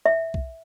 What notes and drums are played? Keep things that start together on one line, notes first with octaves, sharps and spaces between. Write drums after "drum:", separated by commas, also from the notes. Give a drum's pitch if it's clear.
E5
drum: kick